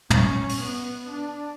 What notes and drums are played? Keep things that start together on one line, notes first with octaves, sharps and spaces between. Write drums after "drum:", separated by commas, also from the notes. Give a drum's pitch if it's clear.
C#4, drum: tom
drum: open hi-hat
B3
D4